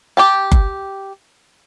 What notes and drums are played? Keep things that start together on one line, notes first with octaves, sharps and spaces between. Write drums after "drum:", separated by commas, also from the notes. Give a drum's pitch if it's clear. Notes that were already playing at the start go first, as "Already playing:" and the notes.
G4 G5 A5
drum: kick F#1